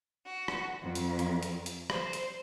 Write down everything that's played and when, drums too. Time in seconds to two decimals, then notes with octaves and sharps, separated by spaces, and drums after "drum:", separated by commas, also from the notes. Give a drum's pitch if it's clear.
0.25 F#4
0.48 drum: rim click
0.81 F2
0.95 drum: hi-hat
1.19 drum: hi-hat
1.43 drum: hi-hat
1.66 drum: hi-hat
1.90 C5, drum: rim click
2.13 drum: hi-hat